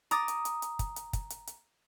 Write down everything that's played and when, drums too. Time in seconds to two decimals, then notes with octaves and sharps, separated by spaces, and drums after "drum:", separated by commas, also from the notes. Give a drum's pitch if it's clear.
0.11 A#5 D6 D#6 A6, drum: hi-hat
0.28 drum: hi-hat
0.45 drum: hi-hat
0.62 drum: hi-hat
0.79 drum: kick, hi-hat
0.96 drum: hi-hat
1.13 drum: kick, hi-hat
1.30 drum: hi-hat
1.47 drum: hi-hat